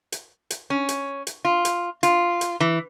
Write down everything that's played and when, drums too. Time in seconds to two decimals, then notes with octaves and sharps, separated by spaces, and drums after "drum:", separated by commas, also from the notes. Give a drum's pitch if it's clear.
0.12 drum: hi-hat
0.50 drum: hi-hat
0.70 C#4
0.89 drum: hi-hat
1.27 drum: hi-hat
1.45 F4
1.65 drum: hi-hat
2.03 F4, drum: hi-hat
2.41 drum: hi-hat
2.60 E3